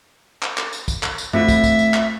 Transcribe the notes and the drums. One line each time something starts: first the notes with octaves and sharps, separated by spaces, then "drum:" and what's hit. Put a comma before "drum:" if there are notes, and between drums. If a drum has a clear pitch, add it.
drum: clap
drum: clap
drum: tambourine
drum: kick, tambourine
drum: clap
drum: tambourine
A3 C4 F4 E5, drum: tom F#2
drum: kick, tambourine
drum: kick, tambourine
drum: tambourine
drum: clap